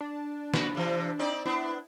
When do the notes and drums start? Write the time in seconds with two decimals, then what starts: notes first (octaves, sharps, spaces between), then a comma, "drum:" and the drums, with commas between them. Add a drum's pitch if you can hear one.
0.01 D4
0.54 F#4 B4, drum: snare
0.75 C3 E3
1.19 C4 D#4 D5
1.45 B3 D4 E4